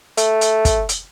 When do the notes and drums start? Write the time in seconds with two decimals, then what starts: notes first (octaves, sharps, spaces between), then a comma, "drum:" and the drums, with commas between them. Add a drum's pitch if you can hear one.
0.17 A3, drum: hi-hat
0.41 drum: hi-hat
0.65 drum: kick, hi-hat
0.89 drum: hi-hat